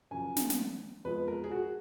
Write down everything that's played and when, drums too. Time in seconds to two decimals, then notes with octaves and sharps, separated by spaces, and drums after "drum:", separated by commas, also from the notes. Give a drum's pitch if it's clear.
0.11 F#2 C#3 F3 G#5
0.36 drum: snare
0.50 drum: snare
1.05 F2 F3 G#3 B3 B4
1.28 A#4
1.44 G#4
1.51 F#4